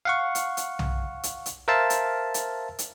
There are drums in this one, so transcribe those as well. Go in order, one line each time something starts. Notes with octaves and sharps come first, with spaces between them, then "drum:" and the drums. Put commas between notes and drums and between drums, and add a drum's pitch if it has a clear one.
F5 F#5 C#6
drum: hi-hat
drum: hi-hat
drum: tom B1
drum: hi-hat
drum: hi-hat
A#4 C5 E5 F5 A5
drum: hi-hat
drum: hi-hat
drum: hi-hat